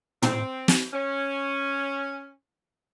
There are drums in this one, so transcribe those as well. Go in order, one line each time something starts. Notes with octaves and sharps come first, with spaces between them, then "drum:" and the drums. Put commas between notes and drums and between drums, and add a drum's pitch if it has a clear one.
C4, drum: tom
drum: snare
C#4